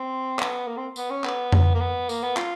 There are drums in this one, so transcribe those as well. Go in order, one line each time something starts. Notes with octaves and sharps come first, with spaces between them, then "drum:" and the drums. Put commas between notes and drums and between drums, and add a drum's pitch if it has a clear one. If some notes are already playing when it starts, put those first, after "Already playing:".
Already playing: C4
B3, drum: clap
A#3
C4
B3, drum: tambourine
C#4
B3, drum: clap
drum: tom F2
A#3
B3
A#3, drum: tambourine
B3
F4, drum: clap